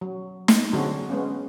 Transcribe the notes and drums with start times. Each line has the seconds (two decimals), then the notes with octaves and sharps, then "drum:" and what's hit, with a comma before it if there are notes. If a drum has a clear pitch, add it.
0.01 F#3
0.48 drum: snare
0.73 D3 F#3 G#3 C4 D4 F#4
1.10 G#3 B3 C#4